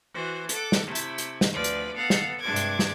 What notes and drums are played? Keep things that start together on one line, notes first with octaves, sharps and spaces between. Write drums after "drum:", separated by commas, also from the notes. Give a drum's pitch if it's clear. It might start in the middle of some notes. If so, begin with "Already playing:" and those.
E3 F#4 C5
A4 F#5 D6, drum: hi-hat
drum: snare
C3 A3 E4
drum: hi-hat
drum: hi-hat
drum: snare
D2 F3 B4 D5
drum: hi-hat
B3 A4 F5 F#5
drum: snare
G2 C3 G#3 D4 D6 G#6
drum: hi-hat
drum: snare